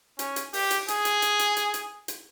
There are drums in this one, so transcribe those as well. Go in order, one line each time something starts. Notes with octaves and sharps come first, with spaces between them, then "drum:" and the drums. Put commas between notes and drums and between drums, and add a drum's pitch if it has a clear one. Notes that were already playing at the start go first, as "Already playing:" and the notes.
C#4, drum: hi-hat
drum: hi-hat
G4, drum: open hi-hat
drum: hi-hat
G#4, drum: hi-hat
drum: hi-hat
drum: hi-hat
drum: hi-hat
drum: hi-hat
drum: hi-hat
drum: hi-hat